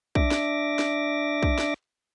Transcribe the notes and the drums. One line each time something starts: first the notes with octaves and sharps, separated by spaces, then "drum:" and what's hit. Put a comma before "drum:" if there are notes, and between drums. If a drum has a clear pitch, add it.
D4 E5 D6 A#6, drum: kick
drum: snare
drum: snare
drum: kick
drum: snare